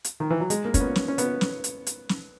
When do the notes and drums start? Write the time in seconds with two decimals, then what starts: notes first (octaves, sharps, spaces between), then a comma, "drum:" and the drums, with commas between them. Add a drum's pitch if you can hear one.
0.04 drum: hi-hat
0.20 D#3
0.30 E3
0.40 F#3
0.50 G#3, drum: hi-hat
0.65 A#3
0.74 C#4, drum: kick, hi-hat
0.80 B3
0.96 drum: snare
1.08 C#4
1.18 B3, drum: hi-hat
1.41 drum: snare
1.64 drum: hi-hat
1.87 drum: hi-hat
2.09 drum: snare